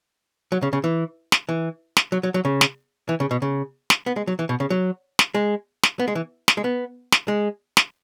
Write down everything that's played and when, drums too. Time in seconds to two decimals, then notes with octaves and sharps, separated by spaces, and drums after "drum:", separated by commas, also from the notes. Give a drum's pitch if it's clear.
0.52 F#3
0.62 C#3
0.73 C#3
0.84 E3
1.32 drum: snare
1.49 E3
1.97 drum: snare
2.12 F#3
2.23 F#3
2.34 F#3
2.45 C#3
2.61 drum: snare
3.09 E3
3.20 C#3
3.31 B2
3.42 C#3
3.90 drum: snare
4.06 B3
4.16 G#3
4.27 F#3
4.39 E3
4.49 B2
4.60 C#3
4.70 F#3
5.19 drum: snare
5.34 G#3
5.83 drum: snare
5.99 B3
6.08 G#3
6.15 E3
6.48 drum: snare
6.57 G#3
6.64 B3
7.12 drum: snare
7.28 G#3
7.77 drum: snare